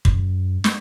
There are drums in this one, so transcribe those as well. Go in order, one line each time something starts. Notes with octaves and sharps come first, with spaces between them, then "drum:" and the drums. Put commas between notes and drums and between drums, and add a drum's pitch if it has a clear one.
F#2, drum: kick
drum: snare